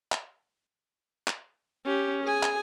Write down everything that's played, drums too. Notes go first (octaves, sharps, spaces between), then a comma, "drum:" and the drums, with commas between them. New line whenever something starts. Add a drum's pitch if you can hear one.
drum: clap
drum: clap
C#4 G4
G#4 G#5
drum: clap